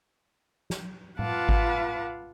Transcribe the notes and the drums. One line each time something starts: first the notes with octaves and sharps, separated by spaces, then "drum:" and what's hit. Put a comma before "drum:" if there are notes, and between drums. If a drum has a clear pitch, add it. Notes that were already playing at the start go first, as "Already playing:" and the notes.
drum: snare
F4 B4 F5 F#5 A5 D6, drum: tom A2
drum: kick G#1